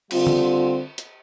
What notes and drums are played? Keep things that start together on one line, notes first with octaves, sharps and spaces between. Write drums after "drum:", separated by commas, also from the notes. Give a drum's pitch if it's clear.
D3 G3 C4 F4, drum: cymbal
drum: tom C#3
drum: hi-hat